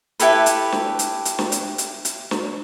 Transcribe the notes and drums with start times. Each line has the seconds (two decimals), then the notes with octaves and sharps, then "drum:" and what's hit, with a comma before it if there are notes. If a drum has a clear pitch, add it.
0.20 E4 G4 A4 B4, drum: hi-hat
0.46 drum: hi-hat
0.72 drum: snare
0.99 drum: hi-hat
1.25 drum: hi-hat
1.39 drum: snare
1.52 drum: hi-hat
1.78 drum: hi-hat
2.05 drum: hi-hat
2.31 drum: snare